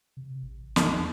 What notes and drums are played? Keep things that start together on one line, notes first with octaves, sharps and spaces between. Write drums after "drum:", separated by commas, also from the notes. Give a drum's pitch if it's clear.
C3
A1
E2, drum: snare